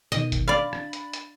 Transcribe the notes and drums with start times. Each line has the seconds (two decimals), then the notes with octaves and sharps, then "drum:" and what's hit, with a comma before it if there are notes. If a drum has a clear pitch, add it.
0.12 B2 D#3 D#5, drum: hi-hat
0.32 drum: kick G1, hi-hat
0.48 D4 D5 F5 B5 A6
0.73 drum: rim click
0.93 drum: hi-hat
1.13 drum: hi-hat